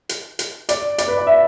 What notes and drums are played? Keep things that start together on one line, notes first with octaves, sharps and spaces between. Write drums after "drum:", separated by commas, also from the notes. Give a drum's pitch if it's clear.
drum: hi-hat
drum: hi-hat
D5, drum: hi-hat
D5, drum: hi-hat
B4
D5
E5